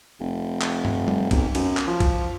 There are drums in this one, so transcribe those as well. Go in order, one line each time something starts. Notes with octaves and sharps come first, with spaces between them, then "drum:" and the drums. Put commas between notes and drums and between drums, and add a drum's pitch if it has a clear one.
F1
drum: clap
drum: tom G2
drum: tom
B1, drum: kick B1, cymbal
F#2, drum: cymbal
drum: clap
F3
drum: kick B1, cymbal